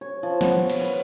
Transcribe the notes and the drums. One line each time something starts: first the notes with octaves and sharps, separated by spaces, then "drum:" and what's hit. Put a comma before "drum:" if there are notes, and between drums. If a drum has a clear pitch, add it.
C#5
F3
B3, drum: snare
C#5
drum: cymbal
B4